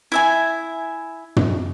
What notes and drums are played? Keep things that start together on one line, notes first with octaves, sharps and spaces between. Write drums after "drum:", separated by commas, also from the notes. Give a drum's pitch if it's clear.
E4 E5 G#5
drum: tom